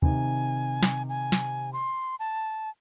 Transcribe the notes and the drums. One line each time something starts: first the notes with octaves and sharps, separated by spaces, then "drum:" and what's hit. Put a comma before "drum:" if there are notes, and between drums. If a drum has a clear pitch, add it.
C3 D#3 G#5, drum: kick
drum: snare
G#5
drum: snare
C6
A5